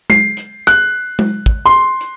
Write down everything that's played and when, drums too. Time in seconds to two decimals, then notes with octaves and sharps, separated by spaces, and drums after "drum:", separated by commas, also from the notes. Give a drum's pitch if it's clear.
0.10 C7, drum: tom G#3
0.37 drum: hi-hat
0.67 F#6, drum: rim click
1.19 drum: tom G#3
1.46 drum: kick
1.66 C6
2.01 drum: hi-hat